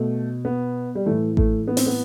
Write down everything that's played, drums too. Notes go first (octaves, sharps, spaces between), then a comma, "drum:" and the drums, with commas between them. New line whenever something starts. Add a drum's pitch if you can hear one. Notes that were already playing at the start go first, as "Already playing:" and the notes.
Already playing: B2 A3
B3
G3
A2 E3 A3
A3, drum: kick A1
B3
C4, drum: open hi-hat
B3